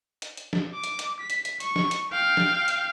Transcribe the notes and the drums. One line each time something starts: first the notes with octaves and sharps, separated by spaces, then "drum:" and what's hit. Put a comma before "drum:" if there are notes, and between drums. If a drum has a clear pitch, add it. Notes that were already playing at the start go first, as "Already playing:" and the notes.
drum: hi-hat
drum: hi-hat
drum: snare
D6
drum: hi-hat
drum: hi-hat
B6
drum: hi-hat
drum: hi-hat
C#6, drum: hi-hat
drum: snare
drum: hi-hat
F5 G5
drum: snare
drum: hi-hat